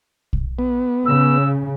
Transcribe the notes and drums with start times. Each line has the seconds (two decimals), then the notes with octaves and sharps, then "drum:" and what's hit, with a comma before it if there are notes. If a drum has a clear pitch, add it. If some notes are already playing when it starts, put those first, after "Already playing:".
0.33 drum: kick
0.59 B3
1.05 C#3 E6